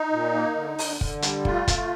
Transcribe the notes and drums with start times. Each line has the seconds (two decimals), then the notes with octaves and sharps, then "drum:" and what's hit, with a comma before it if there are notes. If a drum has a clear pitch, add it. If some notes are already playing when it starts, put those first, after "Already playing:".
Already playing: D#4
0.12 A#2
0.34 A#3
0.56 D3
0.79 D3, drum: open hi-hat
1.01 D3, drum: kick
1.22 G3, drum: hi-hat
1.45 A3 F4, drum: kick
1.68 A3, drum: kick, hi-hat